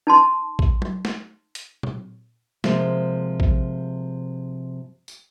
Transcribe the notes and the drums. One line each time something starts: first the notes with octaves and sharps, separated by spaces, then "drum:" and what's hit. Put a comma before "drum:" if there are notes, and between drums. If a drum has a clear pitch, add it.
D#4 A5 C6
drum: kick
drum: tom F#3
drum: snare
drum: hi-hat
drum: tom A#2
C3 F3 G#3 A#3, drum: snare
drum: kick
drum: tambourine